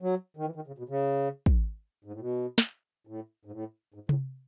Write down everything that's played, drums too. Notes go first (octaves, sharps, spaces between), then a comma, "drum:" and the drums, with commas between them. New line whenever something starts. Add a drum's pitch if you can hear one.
F#3
D#3
E3
D#3
C#3
B2
C#3
drum: kick
G#2
A2
B2
drum: snare
A2
G#2
A2
G#2
A2, drum: tom C3